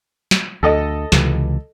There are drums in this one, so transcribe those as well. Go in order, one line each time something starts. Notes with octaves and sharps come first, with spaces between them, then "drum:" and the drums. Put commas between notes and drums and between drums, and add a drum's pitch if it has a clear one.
drum: snare
D2 A4 D#5
C#2 C3 E3, drum: snare